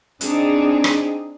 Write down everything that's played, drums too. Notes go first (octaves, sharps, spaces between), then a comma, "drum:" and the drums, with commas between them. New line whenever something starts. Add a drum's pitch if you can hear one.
C4 D4 D#4 G#4, drum: hi-hat
drum: rim click